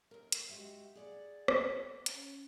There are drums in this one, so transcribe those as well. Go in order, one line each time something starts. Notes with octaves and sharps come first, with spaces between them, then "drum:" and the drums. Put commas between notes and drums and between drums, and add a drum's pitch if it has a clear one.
D#2 A#4
drum: hi-hat
G#3 F#4 G4 E5 F#5
G#4 D5 F#5
drum: rim click
C#4, drum: hi-hat